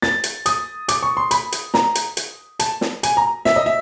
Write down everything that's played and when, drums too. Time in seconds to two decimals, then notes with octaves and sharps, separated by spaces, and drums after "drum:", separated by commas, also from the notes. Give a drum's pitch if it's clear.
0.02 A6, drum: snare
0.24 drum: hi-hat
0.46 D#6, drum: hi-hat
0.88 D6, drum: hi-hat
1.03 C#6
1.17 C6
1.31 B5, drum: hi-hat
1.52 drum: hi-hat
1.74 A#5, drum: snare
1.95 drum: hi-hat
2.17 drum: hi-hat
2.60 A5, drum: hi-hat
2.81 drum: snare
3.03 G#5, drum: hi-hat
3.17 A#5
3.45 E5, drum: snare
3.56 D#5
3.66 E5